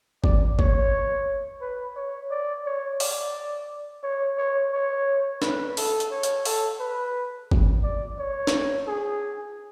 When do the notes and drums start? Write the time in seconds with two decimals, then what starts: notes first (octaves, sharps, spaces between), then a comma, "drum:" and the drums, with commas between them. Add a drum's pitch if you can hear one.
0.24 D5, drum: kick
0.59 C#5, drum: kick
1.62 B4
1.96 C#5
2.31 D5
2.66 C#5
3.00 D5, drum: open hi-hat
4.03 C#5
4.38 C#5
4.73 C#5
5.42 B4, drum: snare
5.77 A4, drum: open hi-hat
6.00 drum: hi-hat
6.11 C#5
6.23 drum: hi-hat
6.45 A4, drum: open hi-hat
6.80 B4
7.51 drum: kick
7.83 D5
8.19 C#5
8.47 drum: snare
8.87 G#4